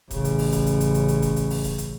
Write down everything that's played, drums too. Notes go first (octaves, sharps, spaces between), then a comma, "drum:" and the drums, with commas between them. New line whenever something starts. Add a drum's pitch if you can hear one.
A1 C#3, drum: kick E1, hi-hat
drum: hi-hat
drum: open hi-hat
drum: kick E1, hi-hat
drum: hi-hat
drum: hi-hat
drum: hi-hat
drum: hi-hat
drum: kick E1, hi-hat
drum: hi-hat
drum: open hi-hat
drum: kick E1, hi-hat
drum: hi-hat